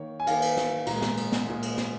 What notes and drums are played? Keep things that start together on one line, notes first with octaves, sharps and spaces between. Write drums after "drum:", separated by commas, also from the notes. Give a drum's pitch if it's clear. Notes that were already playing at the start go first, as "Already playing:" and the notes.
Already playing: D#3 A#3 C#5
G#5
D#3 A#3 F5, drum: cymbal
drum: cymbal
drum: snare
A#2 G#3 A#5, drum: cymbal
drum: snare
drum: cymbal
drum: snare
A#2 G#3
drum: cymbal
drum: snare